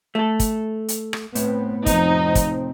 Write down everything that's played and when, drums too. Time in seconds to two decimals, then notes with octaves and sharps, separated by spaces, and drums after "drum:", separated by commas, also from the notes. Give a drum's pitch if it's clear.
0.15 A3 A4
0.40 drum: kick, hi-hat
0.88 drum: hi-hat
1.13 drum: rim click
1.35 A2 B3 C4, drum: hi-hat
1.86 F1 F3 C4 D#4, drum: kick, hi-hat
2.35 drum: kick, hi-hat